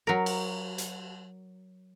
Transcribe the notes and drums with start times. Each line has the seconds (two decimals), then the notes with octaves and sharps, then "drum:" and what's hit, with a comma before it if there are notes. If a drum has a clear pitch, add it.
0.07 F#3 A#4
0.26 drum: cymbal
0.78 drum: hi-hat